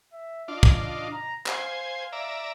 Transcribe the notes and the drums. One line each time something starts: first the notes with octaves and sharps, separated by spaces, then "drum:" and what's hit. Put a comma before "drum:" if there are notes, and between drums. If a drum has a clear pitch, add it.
E5
D4 F4 D#5
drum: kick
A#5
C5 F5 G#5, drum: clap
D5 E5 A#5